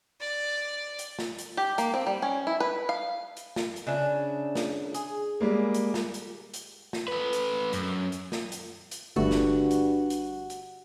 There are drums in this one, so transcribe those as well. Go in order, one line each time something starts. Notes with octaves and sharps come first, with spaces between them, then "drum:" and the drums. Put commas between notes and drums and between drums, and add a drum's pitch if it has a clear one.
D5
drum: hi-hat
drum: snare
drum: hi-hat
G4
A#3, drum: hi-hat
C4
G3
C#4
E4
B4
F5
drum: hi-hat
drum: snare
drum: hi-hat
C#3 D4 E5
drum: snare
G#4, drum: hi-hat
G3 G#3 A#3
drum: hi-hat
drum: snare
drum: hi-hat
drum: hi-hat
drum: snare
A3 B4
drum: hi-hat
F#2, drum: hi-hat
drum: hi-hat
drum: snare
drum: hi-hat
drum: hi-hat
G1 G2 D3 A3 F#4
drum: snare
drum: hi-hat
drum: hi-hat
drum: hi-hat